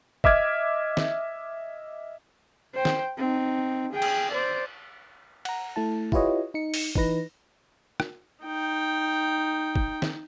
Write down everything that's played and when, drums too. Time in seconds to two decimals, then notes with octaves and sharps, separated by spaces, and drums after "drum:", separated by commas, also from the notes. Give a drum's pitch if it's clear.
0.24 D#5 E5 D6 F6 G#6, drum: kick
0.97 drum: snare
2.75 C5 G5
2.85 drum: snare
3.18 C4 D#4
3.92 G#4 G5
4.02 drum: cymbal
4.31 C5 D5
5.45 F#5 A#5, drum: cymbal
5.76 A3 E4 A5
6.12 E4 F4 G4 B4 C#5 D#5, drum: kick
6.54 D#4 C#7
6.74 drum: open hi-hat
6.95 E3 D#4 B4 A#6, drum: kick
8.00 drum: rim click
8.44 D#4 G5
9.76 drum: kick
10.02 drum: snare